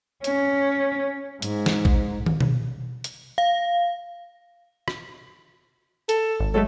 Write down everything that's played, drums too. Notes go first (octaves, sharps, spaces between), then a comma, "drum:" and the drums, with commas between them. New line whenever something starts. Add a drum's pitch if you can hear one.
C#4, drum: hi-hat
G#2, drum: hi-hat
drum: snare
drum: kick A1
drum: tom
drum: tom B2
drum: hi-hat
F5
drum: rim click
A4, drum: hi-hat
G#1
F#3 G#3 A3 A4